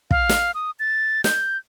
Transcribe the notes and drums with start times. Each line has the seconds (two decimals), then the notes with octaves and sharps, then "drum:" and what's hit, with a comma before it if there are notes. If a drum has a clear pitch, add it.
0.11 F5, drum: kick
0.29 drum: snare
0.54 D#6
0.79 A6
1.24 G6, drum: snare